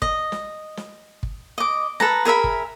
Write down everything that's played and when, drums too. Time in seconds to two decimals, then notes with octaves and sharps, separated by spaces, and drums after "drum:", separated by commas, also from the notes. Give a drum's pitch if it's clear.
0.02 D#5, drum: kick
0.32 drum: snare
0.77 drum: snare
1.23 drum: kick
1.58 D#5 D6
2.00 A4 B4 A#5, drum: snare
2.25 G#4 A#4 E5 B5
2.44 drum: kick